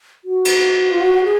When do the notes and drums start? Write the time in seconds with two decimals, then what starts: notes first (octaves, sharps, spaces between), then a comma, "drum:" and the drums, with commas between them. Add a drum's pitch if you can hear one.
0.25 F#4
0.45 drum: cymbal
0.91 F4
1.00 F#4
1.14 F#4
1.24 G#4